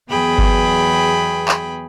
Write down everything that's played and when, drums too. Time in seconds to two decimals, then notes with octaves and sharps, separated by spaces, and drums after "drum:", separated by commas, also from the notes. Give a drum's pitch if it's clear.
0.10 E2 F#3 B3 G#4 G5 B5
0.38 drum: kick G1
1.48 drum: clap